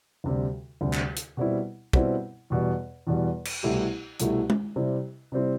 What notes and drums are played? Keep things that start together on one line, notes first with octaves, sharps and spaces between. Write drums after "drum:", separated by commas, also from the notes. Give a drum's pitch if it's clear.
D2 C3 G3
D2 C3 G3
drum: clap
drum: hi-hat
B2 G3 C4 E4
B2 G3 C4 E4, drum: kick
E2 B2 G3
E2 B2 G3
drum: cymbal
C2 B2 A3 E4 G4
C2 B2 A3 E4 G4, drum: hi-hat
drum: tom G#3
C3 G3 C4 E4
C3 G3 C4 E4